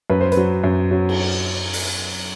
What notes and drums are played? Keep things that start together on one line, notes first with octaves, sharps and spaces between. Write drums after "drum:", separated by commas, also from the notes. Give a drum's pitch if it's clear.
F#2 B4
C5
B4, drum: hi-hat
F#3
F#2
F#3
drum: cymbal
drum: open hi-hat